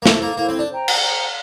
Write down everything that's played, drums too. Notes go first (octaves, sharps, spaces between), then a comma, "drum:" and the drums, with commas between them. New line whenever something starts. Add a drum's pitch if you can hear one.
A#3
A3 E4 A4 C5, drum: snare
A#3
A#3 E4 A4 C5
C4
D4
C5 G5 A#5
drum: cymbal
C5 G5 A#5